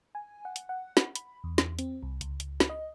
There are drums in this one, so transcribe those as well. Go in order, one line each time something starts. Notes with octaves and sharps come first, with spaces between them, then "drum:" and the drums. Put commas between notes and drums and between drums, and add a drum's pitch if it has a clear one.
G#5
F#5
drum: hi-hat
F#5
drum: snare
B5, drum: hi-hat
E2
drum: snare
C4, drum: hi-hat
C2
C#2, drum: hi-hat
drum: hi-hat
drum: snare
D#5